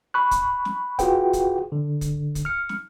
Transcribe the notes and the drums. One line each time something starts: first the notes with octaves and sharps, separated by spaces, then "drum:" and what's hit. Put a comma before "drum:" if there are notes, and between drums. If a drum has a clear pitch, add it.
B5 C#6 F#6
drum: kick, hi-hat
drum: snare
F4 F#4 G#4 B4 F#5 G5, drum: kick, hi-hat
drum: kick, hi-hat
D3
drum: kick, hi-hat
drum: kick, hi-hat
F6 C#7
drum: snare